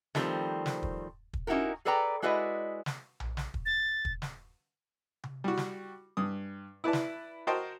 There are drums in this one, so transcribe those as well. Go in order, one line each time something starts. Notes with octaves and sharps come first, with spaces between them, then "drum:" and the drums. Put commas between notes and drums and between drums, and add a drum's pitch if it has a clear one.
D#3 F3 G3 A3 C4, drum: snare
drum: snare
drum: kick
drum: kick
C#4 D#4 E4 F#4 G4 A#4
G#4 A4 B4 D5 G5 A#5
G#3 E4 F#4 B4 D5 D#5
drum: snare
drum: tom A#1
drum: snare
drum: kick
A6
drum: kick
drum: snare
drum: tom C3
G3 F#4
drum: snare
G2 D#6
E4 B4 D5 A5
drum: snare
F#4 A#4 C5 D#5 G5 A5